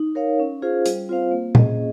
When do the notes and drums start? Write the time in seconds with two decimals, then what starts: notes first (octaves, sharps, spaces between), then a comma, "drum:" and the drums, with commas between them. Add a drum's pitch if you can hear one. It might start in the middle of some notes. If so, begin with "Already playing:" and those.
Already playing: D#4
0.15 A#4 C#5 F5
0.40 C#4
0.62 F4 G#4 C5 F5
0.86 G3, drum: hi-hat
1.09 C4 F4 C5 F5
1.31 A#3
1.55 C#4 G#4 D#5, drum: tom A#2